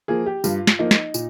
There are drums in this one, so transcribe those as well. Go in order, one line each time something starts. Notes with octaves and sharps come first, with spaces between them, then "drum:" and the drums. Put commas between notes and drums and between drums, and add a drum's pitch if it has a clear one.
F3 A#3 G#4
G4
G2 F4, drum: tambourine
drum: snare
F3 A#3 D#4
drum: snare
A#2, drum: tambourine